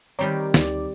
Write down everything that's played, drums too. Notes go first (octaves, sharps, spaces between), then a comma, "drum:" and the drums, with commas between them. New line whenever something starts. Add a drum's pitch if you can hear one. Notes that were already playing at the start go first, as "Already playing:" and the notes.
D#3 G3 C4 C#5 A#5 D6
D2 D#4 D5 D6, drum: snare